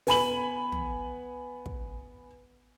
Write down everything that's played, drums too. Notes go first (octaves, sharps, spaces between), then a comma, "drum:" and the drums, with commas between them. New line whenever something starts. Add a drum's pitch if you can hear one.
B3 G#5 B5 F#7, drum: open hi-hat
drum: tom
drum: kick